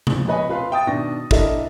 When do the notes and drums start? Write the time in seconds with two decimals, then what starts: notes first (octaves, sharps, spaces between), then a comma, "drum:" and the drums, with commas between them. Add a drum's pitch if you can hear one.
0.07 A#2 F3, drum: tom C3
0.28 B4 C#5 D#5 G#5 B5
0.49 F4 B4 F5 C6
0.71 E5 G5 D#6 A6
0.87 B2 D#3 D4 C#6 A#6
1.31 D4 E4 A4 A#4 D#5 E5, drum: kick